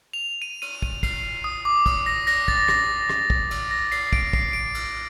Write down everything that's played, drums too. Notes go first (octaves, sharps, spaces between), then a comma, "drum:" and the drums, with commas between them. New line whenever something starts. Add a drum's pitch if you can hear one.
F7
D#7
D#7, drum: cymbal
D#7, drum: kick
C7, drum: kick, cymbal
D#6
D6
D#6, drum: kick, cymbal
A#6
A#6, drum: cymbal
A6, drum: kick
A#6, drum: rim click
drum: rim click
drum: kick
drum: cymbal
A#6
C7, drum: cymbal
D7, drum: kick
C7, drum: kick
D7
drum: cymbal